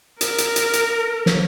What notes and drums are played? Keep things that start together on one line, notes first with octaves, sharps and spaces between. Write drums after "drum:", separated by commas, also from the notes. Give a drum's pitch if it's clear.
A#4, drum: hi-hat
drum: hi-hat
drum: hi-hat
drum: hi-hat
drum: snare